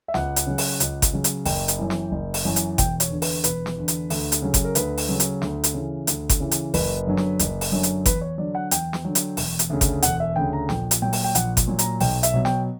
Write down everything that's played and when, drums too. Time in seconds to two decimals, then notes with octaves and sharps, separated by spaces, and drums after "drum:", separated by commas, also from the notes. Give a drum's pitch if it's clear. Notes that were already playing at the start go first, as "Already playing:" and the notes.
0.08 E5
0.14 C#2 F#5, drum: snare
0.36 drum: hi-hat
0.47 C#3 F#3
0.58 drum: open hi-hat
0.80 C#2, drum: hi-hat
1.02 drum: kick G1, hi-hat
1.13 C#3 F#3
1.24 drum: hi-hat
1.46 F#1 G5, drum: open hi-hat
1.68 drum: hi-hat
1.79 F#2 E3
1.90 drum: snare
2.12 F#1
2.34 drum: open hi-hat
2.45 F#2 E3
2.56 drum: hi-hat
2.78 E1 G5, drum: kick G1, hi-hat
3.00 C#5, drum: hi-hat
3.11 E2 D3
3.22 B4, drum: open hi-hat
3.44 E1 B4, drum: hi-hat
3.66 drum: snare
3.76 E2 D3
3.88 drum: hi-hat
4.10 D2, drum: open hi-hat
4.32 drum: hi-hat
4.42 C#3 F#3
4.54 drum: kick G1, hi-hat
4.64 A#4
4.75 D2 B4, drum: hi-hat
4.98 drum: open hi-hat
5.09 C#3 F#3
5.20 drum: hi-hat
5.42 D2, drum: snare
5.64 drum: hi-hat
5.74 C#3 E3
6.07 D2, drum: hi-hat
6.29 drum: kick G1, hi-hat
6.40 C#3 E3
6.51 drum: hi-hat
6.74 F#1 B4, drum: open hi-hat
7.07 F#2 D3 F#3
7.17 drum: snare
7.39 F#1, drum: hi-hat
7.61 drum: open hi-hat
7.72 F#2 D3 F#3
7.83 drum: hi-hat
8.06 E2 B4, drum: kick G1, hi-hat
8.21 C#5
8.38 D3 F#3 D5
8.55 F#5
8.71 E2 G5, drum: hi-hat
8.93 drum: snare
9.05 D3 F#3
9.15 drum: hi-hat
9.37 E1, drum: open hi-hat
9.59 drum: hi-hat
9.70 D2 C#3
9.81 drum: kick G1, hi-hat
10.02 E1 F#5, drum: hi-hat
10.20 E5
10.36 D2 C#3 G5
10.53 A#5
10.69 A#1 G5, drum: snare
10.91 drum: hi-hat
11.02 A#2 F#3 G5
11.13 drum: open hi-hat
11.24 G5
11.35 A#1 F#5, drum: hi-hat
11.57 drum: kick G1, hi-hat
11.68 A#2 F#3
11.79 A#5, drum: hi-hat
12.00 B1 G5, drum: open hi-hat
12.23 E5, drum: hi-hat
12.34 B2 F#3
12.45 G5, drum: snare